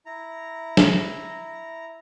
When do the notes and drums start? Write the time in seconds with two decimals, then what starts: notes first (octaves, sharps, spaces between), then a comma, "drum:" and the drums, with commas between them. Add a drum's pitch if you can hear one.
0.06 E4 A#5
0.77 drum: snare